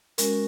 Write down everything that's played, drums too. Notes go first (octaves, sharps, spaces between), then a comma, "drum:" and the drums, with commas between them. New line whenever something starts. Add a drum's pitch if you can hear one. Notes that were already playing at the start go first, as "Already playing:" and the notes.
G#3 C#4 F#4 A#4, drum: hi-hat